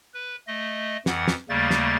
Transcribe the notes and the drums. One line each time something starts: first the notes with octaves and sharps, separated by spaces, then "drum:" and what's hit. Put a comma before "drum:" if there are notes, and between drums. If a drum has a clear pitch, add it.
B4
A3 D#5
F2 E3 F#5, drum: snare
drum: snare
D#2 C#3 G3 A3 A#3 A6
drum: snare